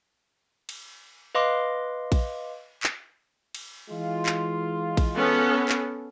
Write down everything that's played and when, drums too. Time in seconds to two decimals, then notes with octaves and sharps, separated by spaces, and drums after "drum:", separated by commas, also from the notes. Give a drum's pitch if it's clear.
0.69 drum: cymbal
1.35 B4 D#5 F5 C6 D6
2.12 drum: kick A#1, cymbal
2.83 drum: clap
3.54 drum: cymbal
3.90 E3 G#3 F4
4.26 drum: clap
4.97 drum: kick A#1, cymbal
5.16 B3 C#4 A4
5.69 drum: clap